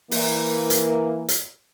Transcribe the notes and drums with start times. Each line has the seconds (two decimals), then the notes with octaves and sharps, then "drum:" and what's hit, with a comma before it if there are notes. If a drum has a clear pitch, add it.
0.11 E3 A#3, drum: open hi-hat
0.70 drum: hi-hat
1.28 drum: hi-hat